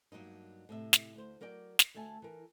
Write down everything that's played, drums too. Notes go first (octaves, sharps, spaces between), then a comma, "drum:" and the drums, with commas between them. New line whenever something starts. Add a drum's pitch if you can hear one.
G2 F#3 A#3 D#4
A2 C3 E5
drum: snare
D2 C5
F#3 A#4 D5 G5
drum: snare
D2 A3 E5 G#5 A5
E3 A#4